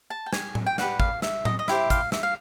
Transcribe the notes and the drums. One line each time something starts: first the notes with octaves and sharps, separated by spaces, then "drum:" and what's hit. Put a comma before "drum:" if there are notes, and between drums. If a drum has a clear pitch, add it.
A5
G5
G#5, drum: snare
drum: tom A2
G5
G4 B4 D5 F#5, drum: snare
F5, drum: kick
E5, drum: snare
D#5, drum: tom A2
D#5
E4 G4 C5 E5, drum: snare
F5, drum: kick, hi-hat
E5, drum: snare
F5